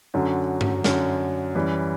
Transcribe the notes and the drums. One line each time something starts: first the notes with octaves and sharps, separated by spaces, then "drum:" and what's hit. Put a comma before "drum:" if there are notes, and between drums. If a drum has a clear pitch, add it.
F#2 D3 F#3
drum: tom G2
F#2 D3 F#3, drum: snare
F#2 E3 G3